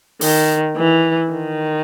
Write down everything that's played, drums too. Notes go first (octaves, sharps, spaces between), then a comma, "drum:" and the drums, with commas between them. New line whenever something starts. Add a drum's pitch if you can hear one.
D#3, drum: open hi-hat
E3
D#3